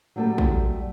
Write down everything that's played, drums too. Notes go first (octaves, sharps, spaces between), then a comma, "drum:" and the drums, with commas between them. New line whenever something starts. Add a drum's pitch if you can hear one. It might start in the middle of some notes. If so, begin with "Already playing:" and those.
F#3 G3 A3 G4 A4
drum: kick